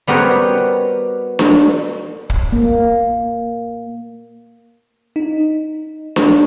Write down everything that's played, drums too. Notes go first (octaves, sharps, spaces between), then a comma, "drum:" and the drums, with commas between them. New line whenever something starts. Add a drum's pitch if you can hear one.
G3 B3 F#4 A#4 C5 C#5
drum: snare D4
drum: kick
A#3
D#4
drum: snare D4